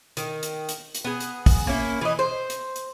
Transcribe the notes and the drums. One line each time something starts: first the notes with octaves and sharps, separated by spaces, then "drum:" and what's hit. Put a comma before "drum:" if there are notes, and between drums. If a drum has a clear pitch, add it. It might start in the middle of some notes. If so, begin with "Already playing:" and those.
D#3, drum: hi-hat
drum: hi-hat
drum: hi-hat
drum: hi-hat
B3 G#4
drum: hi-hat
drum: kick, open hi-hat
A#3 C#4 E4
E3 D#5
C5
drum: hi-hat
drum: hi-hat